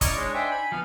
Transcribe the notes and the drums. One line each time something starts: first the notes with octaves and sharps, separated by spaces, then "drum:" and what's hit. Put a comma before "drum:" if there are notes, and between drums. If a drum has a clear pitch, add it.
C#4 E4 D5 D#5 A#5 C#6, drum: kick, hi-hat
G#3 D4 D#4 C#5
C5 E5 G5 G#5
B5
F3 B3 F5